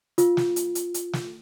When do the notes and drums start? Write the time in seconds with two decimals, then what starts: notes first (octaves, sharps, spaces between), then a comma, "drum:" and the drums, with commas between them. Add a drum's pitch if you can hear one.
0.18 F4, drum: hi-hat
0.37 drum: snare
0.56 drum: hi-hat
0.75 drum: hi-hat
0.94 drum: hi-hat
1.13 drum: snare